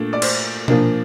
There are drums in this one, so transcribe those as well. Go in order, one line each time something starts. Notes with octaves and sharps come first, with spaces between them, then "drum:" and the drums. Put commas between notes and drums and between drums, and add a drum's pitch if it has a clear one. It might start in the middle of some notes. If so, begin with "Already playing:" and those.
Already playing: A#2 A3 D4
D5
C5, drum: cymbal
A#2 F3 A#3 D4, drum: tom B2